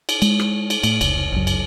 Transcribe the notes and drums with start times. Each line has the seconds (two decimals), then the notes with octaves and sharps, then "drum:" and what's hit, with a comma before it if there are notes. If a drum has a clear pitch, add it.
0.09 drum: cymbal
0.22 G#3, drum: cymbal
0.39 drum: rim click
0.70 drum: cymbal
0.83 A2, drum: cymbal
1.01 F1 C#2, drum: cymbal
1.32 G1 C#2 F#2
1.47 drum: cymbal